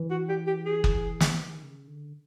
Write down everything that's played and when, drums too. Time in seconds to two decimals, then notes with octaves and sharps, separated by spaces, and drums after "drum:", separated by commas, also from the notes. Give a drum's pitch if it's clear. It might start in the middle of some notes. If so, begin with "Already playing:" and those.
Already playing: E3
0.10 F#4
0.29 G4
0.47 G4
0.66 G#4
0.84 drum: kick F#1
1.20 drum: snare
1.38 D#3
1.63 C#3
1.88 D3